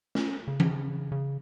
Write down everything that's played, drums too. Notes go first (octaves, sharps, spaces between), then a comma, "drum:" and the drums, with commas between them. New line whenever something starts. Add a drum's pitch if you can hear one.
C#4, drum: snare
C#3
drum: tom E3
C#3